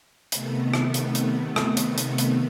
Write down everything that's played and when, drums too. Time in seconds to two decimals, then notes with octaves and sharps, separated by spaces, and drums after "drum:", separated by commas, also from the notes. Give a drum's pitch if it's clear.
0.32 C3 D#3 A3 B3, drum: hi-hat
0.74 drum: rim click
0.94 drum: hi-hat
1.15 drum: hi-hat
1.56 drum: rim click
1.77 drum: hi-hat
1.98 drum: hi-hat
2.18 drum: hi-hat